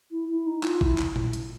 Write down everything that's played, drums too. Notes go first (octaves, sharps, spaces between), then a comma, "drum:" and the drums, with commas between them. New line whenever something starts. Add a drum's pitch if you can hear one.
E4
E4
D#4
F4, drum: clap
E4, drum: kick A1
drum: clap
drum: tom A#2
drum: hi-hat